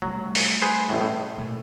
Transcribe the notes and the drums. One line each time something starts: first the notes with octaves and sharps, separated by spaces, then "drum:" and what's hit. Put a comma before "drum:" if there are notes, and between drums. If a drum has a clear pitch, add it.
C3 F#3 G3 A3
drum: open hi-hat
G#4 B4 C5
A1 A2
A2
B2 A3